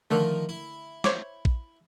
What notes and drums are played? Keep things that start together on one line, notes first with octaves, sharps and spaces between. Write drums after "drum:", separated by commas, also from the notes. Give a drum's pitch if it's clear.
D3 D#3 F3 A3 A#4
E4
C5 C#5 D6, drum: snare
drum: kick A#1